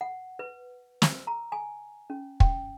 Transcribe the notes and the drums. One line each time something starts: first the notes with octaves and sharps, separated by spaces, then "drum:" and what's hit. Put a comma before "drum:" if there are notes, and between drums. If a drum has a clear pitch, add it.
F#5
B4
E6, drum: snare
A#5
G#5
C#4
G5, drum: kick